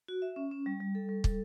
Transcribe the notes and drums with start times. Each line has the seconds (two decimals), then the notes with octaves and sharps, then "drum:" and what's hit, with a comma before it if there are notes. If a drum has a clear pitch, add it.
0.08 F#4
0.22 E5
0.36 C#4
0.51 C#4
0.66 G3
0.80 G3
0.95 A4
1.09 G3
1.24 A4, drum: kick